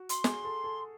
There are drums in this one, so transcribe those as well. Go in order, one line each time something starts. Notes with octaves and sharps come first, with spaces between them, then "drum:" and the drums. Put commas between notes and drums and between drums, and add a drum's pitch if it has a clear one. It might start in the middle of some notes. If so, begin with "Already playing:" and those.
Already playing: F#4
C6, drum: hi-hat
G#4, drum: snare
A4
A4